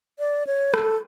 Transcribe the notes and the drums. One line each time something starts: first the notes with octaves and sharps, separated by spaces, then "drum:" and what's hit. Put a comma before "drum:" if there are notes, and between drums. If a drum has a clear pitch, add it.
D5
C#5
A4, drum: rim click